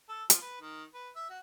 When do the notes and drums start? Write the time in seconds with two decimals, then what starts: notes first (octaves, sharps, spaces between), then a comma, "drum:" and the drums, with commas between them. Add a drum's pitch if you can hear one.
0.09 A4
0.30 F3, drum: hi-hat
0.42 B4
0.61 D#3
0.94 B4
1.15 E5
1.30 F#4